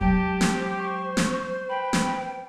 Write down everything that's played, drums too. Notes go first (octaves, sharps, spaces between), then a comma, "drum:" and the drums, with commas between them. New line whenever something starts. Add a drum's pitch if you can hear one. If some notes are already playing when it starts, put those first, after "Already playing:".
F#3 G#3 G4 G5 A5
drum: snare
C5
C#6
drum: snare
B4 G5
drum: snare